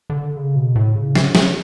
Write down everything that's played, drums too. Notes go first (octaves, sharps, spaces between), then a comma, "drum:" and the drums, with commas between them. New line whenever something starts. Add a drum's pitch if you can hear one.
D3
C#3
B2
A2
C#3
D3, drum: snare
drum: snare